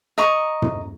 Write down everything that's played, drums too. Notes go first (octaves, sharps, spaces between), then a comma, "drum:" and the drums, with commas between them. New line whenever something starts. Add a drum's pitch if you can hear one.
D#5 A#5 C#6
drum: tom